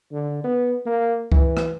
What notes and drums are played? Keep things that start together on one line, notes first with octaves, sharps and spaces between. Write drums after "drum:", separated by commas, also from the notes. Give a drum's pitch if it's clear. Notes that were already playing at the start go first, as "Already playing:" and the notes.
D3
B3
A#3
E3, drum: kick C#2
drum: rim click